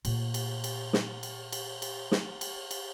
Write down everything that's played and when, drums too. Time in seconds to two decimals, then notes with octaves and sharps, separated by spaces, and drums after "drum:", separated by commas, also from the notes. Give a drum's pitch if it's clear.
0.05 A#2 A3, drum: cymbal
0.34 drum: cymbal
0.64 drum: cymbal
0.93 drum: snare
1.23 drum: cymbal
1.52 drum: cymbal
1.82 drum: cymbal
2.12 drum: snare
2.41 drum: cymbal
2.71 drum: cymbal